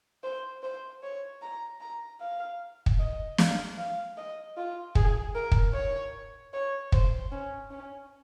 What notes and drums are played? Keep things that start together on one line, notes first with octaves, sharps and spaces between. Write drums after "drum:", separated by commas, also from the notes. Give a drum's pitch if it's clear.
C5
C5
C#5
A#5
A#5
F5
drum: kick
D#5
F5, drum: snare
F5
D#5
F4
G#4, drum: kick
A#4
drum: kick
C#5
C#5
C5, drum: kick
C#4
C#4